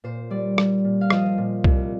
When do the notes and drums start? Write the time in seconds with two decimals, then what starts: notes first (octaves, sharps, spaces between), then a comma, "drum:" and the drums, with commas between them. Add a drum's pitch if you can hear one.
0.04 A#2 C5
0.30 G3 D5
0.58 G3, drum: rim click
0.84 A#2
1.01 F5
1.10 F3 C5 D#5, drum: rim click
1.38 A#2
1.64 C2, drum: kick C2